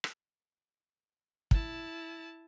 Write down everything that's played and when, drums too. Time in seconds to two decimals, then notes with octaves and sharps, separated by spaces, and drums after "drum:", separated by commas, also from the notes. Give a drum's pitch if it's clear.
0.04 drum: rim click
1.51 E4 A5, drum: kick